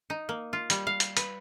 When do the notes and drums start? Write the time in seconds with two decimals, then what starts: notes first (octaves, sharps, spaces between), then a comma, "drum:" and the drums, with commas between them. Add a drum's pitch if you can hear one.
0.10 D#4
0.29 A#3
0.53 F4
0.70 G3, drum: hi-hat
0.87 F5
1.00 drum: hi-hat
1.17 B4, drum: hi-hat